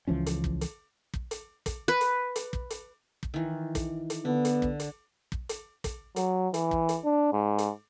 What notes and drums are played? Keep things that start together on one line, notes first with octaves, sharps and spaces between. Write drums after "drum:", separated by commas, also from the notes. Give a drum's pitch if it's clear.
C#2 E3 F3 C#4
drum: hi-hat
drum: kick
drum: hi-hat
drum: kick
drum: hi-hat
drum: kick, hi-hat
B4
drum: hi-hat
drum: hi-hat
drum: kick
drum: hi-hat
drum: kick
D#3 E3
drum: kick, hi-hat
drum: hi-hat
D3 B3
drum: hi-hat
drum: kick
drum: hi-hat
drum: kick
drum: hi-hat
drum: kick, hi-hat
F#3, drum: hi-hat
E3, drum: hi-hat
drum: kick
drum: hi-hat
D4
G#2
drum: hi-hat